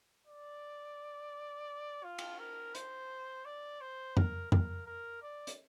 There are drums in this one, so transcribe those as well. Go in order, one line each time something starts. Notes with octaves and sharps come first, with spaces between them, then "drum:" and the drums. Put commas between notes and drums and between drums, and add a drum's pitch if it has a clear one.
D5
F4
drum: cymbal
A#4
C5, drum: hi-hat
D5
C5
A#4, drum: tom F2
A#4, drum: tom F2
A#4
D5
drum: hi-hat